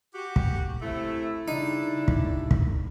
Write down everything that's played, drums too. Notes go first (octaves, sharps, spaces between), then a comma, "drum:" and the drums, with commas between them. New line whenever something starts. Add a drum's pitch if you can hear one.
F#4 G4
drum: kick
C3 A3 E4
C#3 G3 D4 D#4
drum: kick
drum: kick